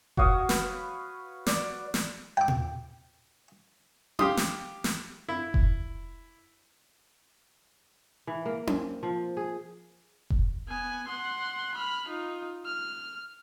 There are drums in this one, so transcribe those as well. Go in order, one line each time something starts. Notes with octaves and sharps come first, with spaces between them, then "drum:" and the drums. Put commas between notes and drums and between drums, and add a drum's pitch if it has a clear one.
F#4 C#5 F5 D#6, drum: kick F1
B4, drum: snare
D5, drum: snare
drum: snare
G5 D6
drum: tom A#2
G4 F5 C6 D#6, drum: tom C#4
drum: snare
drum: snare
E4
drum: kick F1
E3
A#3
C4, drum: tom C#4
F3
G#4
drum: kick F1
B3 G#5
F#5 C6
B5 F6
D#4 F4
F6